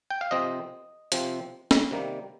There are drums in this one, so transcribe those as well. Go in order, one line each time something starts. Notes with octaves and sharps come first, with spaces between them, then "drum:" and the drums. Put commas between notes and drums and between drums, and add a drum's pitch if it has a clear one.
G5
F5
C3 F3 C4 D#5
C3 F3 C4, drum: hi-hat
drum: snare C#4
C3 D#3 G3 A#3